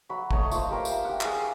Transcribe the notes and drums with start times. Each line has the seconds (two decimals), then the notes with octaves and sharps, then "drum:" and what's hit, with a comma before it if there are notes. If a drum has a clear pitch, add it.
0.09 F#3 F#4 B5
0.31 A3 C#5 D#5, drum: kick
0.51 F4 C5, drum: tambourine
0.70 G4 A#4 C5 E5
0.85 drum: tambourine
1.05 G4 F#5
1.21 G#4 F5, drum: clap